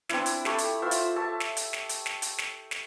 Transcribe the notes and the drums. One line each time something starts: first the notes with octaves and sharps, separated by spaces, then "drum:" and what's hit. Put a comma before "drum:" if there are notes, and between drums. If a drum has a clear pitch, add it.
C4 D4 E4, drum: snare
drum: hi-hat
G4 A4 B5 C#6, drum: snare
drum: hi-hat
F4 C5 E5 C6
drum: hi-hat
C#5 E5 A5
drum: snare
drum: hi-hat
drum: snare
drum: hi-hat
drum: snare
drum: hi-hat
drum: snare
drum: snare